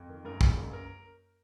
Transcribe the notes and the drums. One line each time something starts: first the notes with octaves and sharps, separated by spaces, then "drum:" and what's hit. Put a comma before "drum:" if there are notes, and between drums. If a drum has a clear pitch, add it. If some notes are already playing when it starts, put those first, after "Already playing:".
Already playing: F2
D#3
F#2 A#4
F#1, drum: kick
F#2
A#4